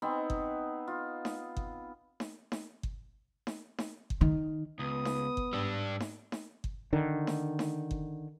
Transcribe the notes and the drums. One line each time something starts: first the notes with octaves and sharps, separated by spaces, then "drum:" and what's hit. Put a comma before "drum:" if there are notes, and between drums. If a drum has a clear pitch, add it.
B3 C4 D#4
drum: kick G1
F4
drum: snare D#4
drum: kick G1
drum: snare D#4
drum: snare D#4
drum: kick G1
drum: snare D#4
drum: snare D#4
drum: kick G1
D#3
C#2 B3 D#6
drum: snare D#4
drum: kick G1
G#2 G3 D4 E6
drum: snare D#4
drum: snare D#4
drum: kick G1
D3 D#3
drum: snare D#4
drum: snare D#4
drum: kick G1